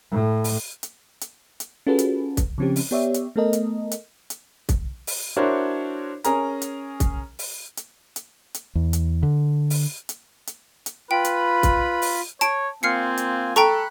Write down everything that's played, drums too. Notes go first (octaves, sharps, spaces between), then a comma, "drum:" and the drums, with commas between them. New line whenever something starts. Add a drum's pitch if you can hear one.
A2
drum: open hi-hat
drum: hi-hat
drum: hi-hat
drum: hi-hat
C#4 F4 F#4 G#4 A4 B4
drum: hi-hat
drum: kick, hi-hat
C#3 F3 C4 C#4 G4
drum: open hi-hat
B3 G4 C#5 D5 E5
drum: hi-hat
A3 B3 A4 A#4 D#5
drum: hi-hat
drum: hi-hat
drum: hi-hat
drum: kick, hi-hat
drum: open hi-hat
D4 E4 F#4 A#4 C5 C#5
C#4 G#4 A#4 A#5, drum: hi-hat
drum: hi-hat
drum: kick, hi-hat
drum: open hi-hat
drum: hi-hat
drum: hi-hat
drum: hi-hat
E2
drum: hi-hat
D3
drum: open hi-hat
drum: hi-hat
drum: hi-hat
drum: hi-hat
F4 B4 G5 B5
drum: hi-hat
drum: kick, hi-hat
drum: open hi-hat
C#5 A5 D7, drum: hi-hat
A#3 C4 F4 G#5 F6 C7 C#7
drum: hi-hat
A4 G5 A#5 B5 C#6 F#6, drum: hi-hat